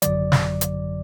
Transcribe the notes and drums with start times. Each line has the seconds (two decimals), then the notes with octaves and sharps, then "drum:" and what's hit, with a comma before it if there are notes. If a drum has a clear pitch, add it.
0.02 G#1 F#2 D3 F#3 D5, drum: hi-hat
0.32 drum: snare
0.61 drum: hi-hat